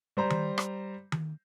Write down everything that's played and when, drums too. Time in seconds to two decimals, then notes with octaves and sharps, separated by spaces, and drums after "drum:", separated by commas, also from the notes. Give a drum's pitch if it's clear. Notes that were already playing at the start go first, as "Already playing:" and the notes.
0.17 G3 C5 A#5
0.30 drum: tom D#3
0.58 drum: rim click
1.12 drum: tom D#3